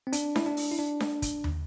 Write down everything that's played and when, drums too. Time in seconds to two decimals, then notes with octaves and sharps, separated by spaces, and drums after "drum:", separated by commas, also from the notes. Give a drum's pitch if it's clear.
0.07 C4
0.13 D4, drum: hi-hat
0.36 E4, drum: snare D4
0.46 D4
0.57 drum: open hi-hat
0.71 E4
0.79 D4
1.00 drum: snare D4
1.22 drum: kick, hi-hat
1.44 drum: tom